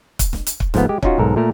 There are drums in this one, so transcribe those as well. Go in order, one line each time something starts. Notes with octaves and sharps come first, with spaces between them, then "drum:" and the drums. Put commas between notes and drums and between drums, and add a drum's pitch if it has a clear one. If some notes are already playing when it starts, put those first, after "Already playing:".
drum: kick, hi-hat
drum: snare E1
drum: hi-hat
drum: kick
G#2 F3 A3 B3, drum: snare E1
G#3 G4
C#4 D#4 F4 F#4, drum: kick
B1 G#2 A4 A#4
A#2 A3 A#4